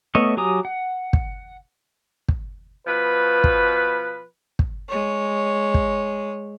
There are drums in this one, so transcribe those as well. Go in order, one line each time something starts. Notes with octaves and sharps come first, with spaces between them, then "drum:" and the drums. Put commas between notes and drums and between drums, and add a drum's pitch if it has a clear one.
A3 B3 C#5 D#5 E5
F#3 G4 G#5 A#5 D#6
F#5
drum: kick
drum: kick
B2 F3 B4
drum: kick
drum: kick
G#3 C#5
drum: kick